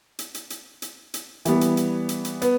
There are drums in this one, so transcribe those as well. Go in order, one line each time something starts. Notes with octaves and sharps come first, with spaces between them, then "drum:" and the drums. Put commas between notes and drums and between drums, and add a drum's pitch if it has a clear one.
drum: hi-hat
drum: hi-hat
drum: hi-hat
drum: hi-hat
drum: hi-hat
E3 G3 B3, drum: hi-hat
drum: hi-hat
drum: hi-hat
drum: hi-hat
drum: hi-hat
B3, drum: hi-hat